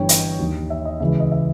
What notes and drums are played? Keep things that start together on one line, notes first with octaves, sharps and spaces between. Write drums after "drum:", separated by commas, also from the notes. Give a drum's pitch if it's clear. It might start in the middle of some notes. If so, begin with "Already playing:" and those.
Already playing: G1 G2 E3 C#5 G5
D#5, drum: hi-hat
D#2 D#3
E5
D#5
C#2 C#3 E3 E5
D#5
E5